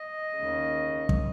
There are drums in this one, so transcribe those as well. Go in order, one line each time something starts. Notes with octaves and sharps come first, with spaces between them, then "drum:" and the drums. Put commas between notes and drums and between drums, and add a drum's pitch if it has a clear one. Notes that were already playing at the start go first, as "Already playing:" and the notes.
Already playing: D#5
D#2 C#3
drum: kick